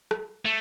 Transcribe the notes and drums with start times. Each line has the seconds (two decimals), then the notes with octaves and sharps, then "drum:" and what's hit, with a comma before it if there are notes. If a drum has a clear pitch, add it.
0.11 drum: rim click
0.45 A3